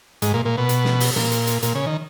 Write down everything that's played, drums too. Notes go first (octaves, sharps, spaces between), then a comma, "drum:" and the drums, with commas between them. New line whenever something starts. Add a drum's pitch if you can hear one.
G#2, drum: hi-hat
A#2
A#2
B2
drum: hi-hat
drum: snare
drum: open hi-hat
A#2, drum: snare
drum: hi-hat
drum: hi-hat
A#2, drum: hi-hat
C#3
D#3